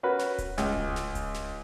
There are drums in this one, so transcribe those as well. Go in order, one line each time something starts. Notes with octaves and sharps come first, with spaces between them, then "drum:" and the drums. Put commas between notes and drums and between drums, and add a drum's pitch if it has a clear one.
C#4 F#4 A#4 B4 B5
drum: snare
drum: kick D1, hi-hat
C#2, drum: snare
drum: kick D1
drum: snare
drum: kick D1, hi-hat
drum: snare